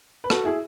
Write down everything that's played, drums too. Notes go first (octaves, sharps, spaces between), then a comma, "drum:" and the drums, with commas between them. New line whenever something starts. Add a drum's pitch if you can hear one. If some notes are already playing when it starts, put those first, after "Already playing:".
B4
F#4 A4, drum: rim click
E4 G#4